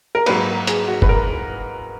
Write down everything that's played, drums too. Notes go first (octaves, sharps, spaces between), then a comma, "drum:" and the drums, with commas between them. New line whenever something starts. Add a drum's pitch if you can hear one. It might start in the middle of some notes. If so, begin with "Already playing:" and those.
A#4
G#2 F#3 A#3 B4, drum: cymbal
G#4, drum: hi-hat
F#4
B4, drum: kick
A#4